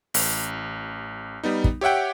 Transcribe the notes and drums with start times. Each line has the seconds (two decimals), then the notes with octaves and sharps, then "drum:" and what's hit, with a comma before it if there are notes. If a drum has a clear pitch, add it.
0.14 A1, drum: open hi-hat
1.44 G3 B3 D#4
1.64 drum: kick
1.81 G4 C#5 E5 F#5 G5